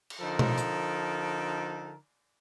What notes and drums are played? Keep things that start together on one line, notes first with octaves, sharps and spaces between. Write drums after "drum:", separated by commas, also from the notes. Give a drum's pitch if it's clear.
drum: cymbal
D3 F3 D#4 A4 A#4
drum: tom B2
drum: hi-hat